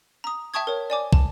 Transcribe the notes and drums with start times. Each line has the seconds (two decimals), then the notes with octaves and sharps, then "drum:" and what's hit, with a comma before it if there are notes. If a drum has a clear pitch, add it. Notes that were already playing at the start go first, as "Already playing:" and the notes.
0.24 A#5 D#6
0.54 E5 G5 A5 C#6 D#6 G#6
0.67 A#4 C#5
0.90 D5 G#5 D6
1.13 A5, drum: kick